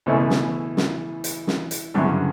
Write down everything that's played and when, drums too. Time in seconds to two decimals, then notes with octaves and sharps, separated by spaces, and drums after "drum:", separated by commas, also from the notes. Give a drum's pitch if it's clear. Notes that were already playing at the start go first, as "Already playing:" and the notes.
0.06 C#2 B2 E3 A3 C#4 E4
0.30 drum: snare
0.77 drum: snare
1.24 drum: hi-hat
1.47 drum: snare
1.71 drum: hi-hat
1.94 G2 D3 F#3 C#4 E4
2.04 C#3